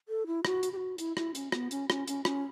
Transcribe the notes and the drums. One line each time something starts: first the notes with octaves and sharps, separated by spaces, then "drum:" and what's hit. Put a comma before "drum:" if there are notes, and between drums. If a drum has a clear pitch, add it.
A4
E4
F#4, drum: rim click
drum: hi-hat
G4
F#4
E4, drum: hi-hat
E4, drum: rim click
C#4, drum: hi-hat
B3, drum: rim click
C#4, drum: hi-hat
C#4, drum: rim click
C#4, drum: hi-hat
C#4, drum: rim click